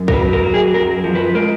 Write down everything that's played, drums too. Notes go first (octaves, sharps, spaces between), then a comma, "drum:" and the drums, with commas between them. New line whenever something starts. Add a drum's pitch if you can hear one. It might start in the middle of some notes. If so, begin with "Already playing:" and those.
Already playing: F#2
A#4, drum: kick
F#3 B4
A#4
F#3
G#4
F#2 A#4
F3, drum: tom E3
B4
G#3 A#4